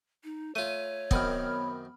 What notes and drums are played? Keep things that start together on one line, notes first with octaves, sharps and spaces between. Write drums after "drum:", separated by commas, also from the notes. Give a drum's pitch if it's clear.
D#4
A3 F4 C#5 D#7
F#2 D#3 B3 C4 B5 F6, drum: kick